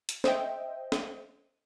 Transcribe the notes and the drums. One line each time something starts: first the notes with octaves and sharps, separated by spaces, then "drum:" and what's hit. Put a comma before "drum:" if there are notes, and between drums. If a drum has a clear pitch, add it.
drum: hi-hat
C5 D#5 E5 G5, drum: snare
drum: snare